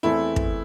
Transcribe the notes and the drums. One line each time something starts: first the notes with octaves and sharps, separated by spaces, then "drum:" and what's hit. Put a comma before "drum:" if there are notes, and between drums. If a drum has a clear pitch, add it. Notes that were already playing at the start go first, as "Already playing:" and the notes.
E2 E3 A3 C4 E4 A4
drum: kick